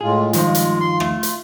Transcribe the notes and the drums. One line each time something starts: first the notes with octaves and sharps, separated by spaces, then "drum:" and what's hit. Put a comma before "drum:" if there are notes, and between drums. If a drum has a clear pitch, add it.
A2 G#3 F4 G#4
G2 D#3 F3 G#3 F4, drum: hi-hat
drum: hi-hat
C6
A3, drum: rim click
drum: hi-hat